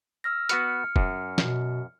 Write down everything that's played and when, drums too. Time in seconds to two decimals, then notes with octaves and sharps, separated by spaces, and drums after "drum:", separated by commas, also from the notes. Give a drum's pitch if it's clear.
0.24 E6 F6 A#6
0.49 B3 F#4 B4 F6 C#7, drum: hi-hat
0.96 F#2, drum: kick
1.38 B2, drum: snare